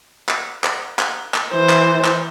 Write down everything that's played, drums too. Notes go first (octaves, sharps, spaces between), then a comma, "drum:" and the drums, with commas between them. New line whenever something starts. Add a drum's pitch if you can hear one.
drum: clap
drum: clap
drum: clap
drum: clap
E3 C5
drum: clap
drum: clap